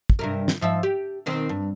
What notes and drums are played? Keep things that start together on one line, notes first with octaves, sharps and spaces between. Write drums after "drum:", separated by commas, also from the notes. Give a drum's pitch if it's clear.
drum: kick
G2 C3 A#4
drum: snare
G#2 F3 E5
G4
B2 D#3 C4
G2